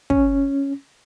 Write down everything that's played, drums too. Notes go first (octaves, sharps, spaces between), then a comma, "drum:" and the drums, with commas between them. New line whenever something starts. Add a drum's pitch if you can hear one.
C#4, drum: kick